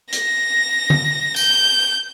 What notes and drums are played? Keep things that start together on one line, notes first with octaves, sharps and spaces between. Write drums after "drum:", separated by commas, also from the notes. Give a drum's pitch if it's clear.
A#6, drum: hi-hat
drum: tom
G6, drum: tambourine